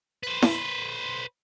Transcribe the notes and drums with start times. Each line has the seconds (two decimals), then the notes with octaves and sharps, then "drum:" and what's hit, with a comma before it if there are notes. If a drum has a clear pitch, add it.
0.23 B4 C5
0.42 drum: snare E4